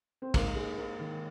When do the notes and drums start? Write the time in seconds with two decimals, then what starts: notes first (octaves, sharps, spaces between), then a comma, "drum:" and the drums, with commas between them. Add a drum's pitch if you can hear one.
0.22 C4
0.34 G#2 A#3, drum: kick, cymbal
0.56 G#2 G#3
0.78 G#2 A#3
0.99 D#3